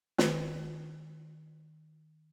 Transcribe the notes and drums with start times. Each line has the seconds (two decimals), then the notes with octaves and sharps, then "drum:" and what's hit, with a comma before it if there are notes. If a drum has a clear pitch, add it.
0.18 D#3 B4, drum: snare